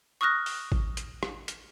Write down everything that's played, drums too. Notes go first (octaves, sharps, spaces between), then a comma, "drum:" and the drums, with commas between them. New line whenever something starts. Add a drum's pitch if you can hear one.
C#6 D#6 F6 F#6 A#6
drum: open hi-hat
drum: kick G#1
drum: hi-hat
drum: rim click
drum: hi-hat